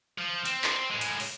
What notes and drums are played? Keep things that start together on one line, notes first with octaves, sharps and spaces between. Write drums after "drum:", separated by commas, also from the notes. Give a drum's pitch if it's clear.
F3
C4, drum: hi-hat
drum: clap
A2 G#3
drum: hi-hat
drum: open hi-hat